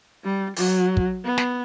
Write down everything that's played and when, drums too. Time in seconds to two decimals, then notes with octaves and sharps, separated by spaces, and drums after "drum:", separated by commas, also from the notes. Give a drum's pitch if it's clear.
0.24 G3
0.56 F#3, drum: open hi-hat
0.97 drum: kick
1.24 B3
1.38 drum: snare